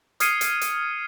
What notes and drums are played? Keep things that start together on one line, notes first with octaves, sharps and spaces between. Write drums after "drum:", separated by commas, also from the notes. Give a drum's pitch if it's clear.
D#6 F6 G#6 C7 C#7 D#7, drum: hi-hat
drum: hi-hat
drum: hi-hat